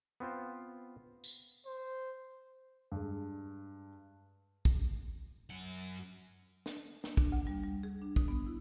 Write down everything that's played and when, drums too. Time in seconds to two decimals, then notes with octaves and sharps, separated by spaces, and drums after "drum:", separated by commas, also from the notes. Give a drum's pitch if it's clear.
0.20 B3 C4 F4 C5
1.24 drum: tambourine
1.66 C5
2.92 G2 G#3
4.65 drum: kick
5.50 F#2 F#5
6.66 drum: snare
7.04 A#3, drum: snare
7.17 D4, drum: kick
7.32 D2
7.47 G3
7.64 G3
7.83 G#4
8.02 D4
8.16 D#6, drum: kick
8.28 B3
8.46 E4